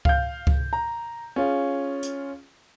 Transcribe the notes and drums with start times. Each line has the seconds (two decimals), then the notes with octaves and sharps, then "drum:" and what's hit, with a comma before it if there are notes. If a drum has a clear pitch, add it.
0.05 F5 G6, drum: kick C#2
0.47 drum: kick C#2
0.73 A#5
1.36 C#4 F4 G#4
2.02 drum: hi-hat